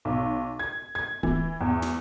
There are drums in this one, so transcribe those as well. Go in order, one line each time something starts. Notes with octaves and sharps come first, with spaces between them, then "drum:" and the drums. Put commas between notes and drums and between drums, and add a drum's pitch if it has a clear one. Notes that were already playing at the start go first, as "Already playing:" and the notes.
B1
G#6
G#6
E3, drum: kick
E2
drum: snare